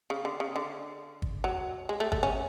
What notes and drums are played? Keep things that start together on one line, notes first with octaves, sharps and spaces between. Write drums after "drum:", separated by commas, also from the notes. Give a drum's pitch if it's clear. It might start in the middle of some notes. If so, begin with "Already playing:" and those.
C#3
D3
C#3
D3
drum: kick
F#3
G#3
A3
A3, drum: kick
C#4